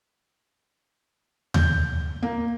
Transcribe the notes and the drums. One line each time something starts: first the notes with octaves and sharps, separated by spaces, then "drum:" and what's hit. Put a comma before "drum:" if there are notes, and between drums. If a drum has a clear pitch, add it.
G6, drum: tom D#2
A#3